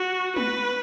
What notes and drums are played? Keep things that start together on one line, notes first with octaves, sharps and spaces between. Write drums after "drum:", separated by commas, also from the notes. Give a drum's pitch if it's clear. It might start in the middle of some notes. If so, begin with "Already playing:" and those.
Already playing: F#4
B4, drum: tom G#3